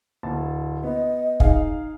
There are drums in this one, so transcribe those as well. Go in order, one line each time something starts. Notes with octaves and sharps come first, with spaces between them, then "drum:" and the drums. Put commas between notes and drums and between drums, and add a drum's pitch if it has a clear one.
D1 A5
B3 D#5
D#4 G#4 F5, drum: kick